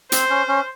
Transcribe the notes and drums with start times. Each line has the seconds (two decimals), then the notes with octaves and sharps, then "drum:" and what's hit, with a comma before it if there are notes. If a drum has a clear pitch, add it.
0.12 C4 C5, drum: hi-hat
0.30 C#4
0.48 C#4